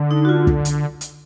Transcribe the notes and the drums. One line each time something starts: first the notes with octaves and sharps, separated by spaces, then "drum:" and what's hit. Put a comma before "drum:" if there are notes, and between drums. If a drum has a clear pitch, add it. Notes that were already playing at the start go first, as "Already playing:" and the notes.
Already playing: D3
D#4
F#4
F4
drum: kick
drum: hi-hat
drum: hi-hat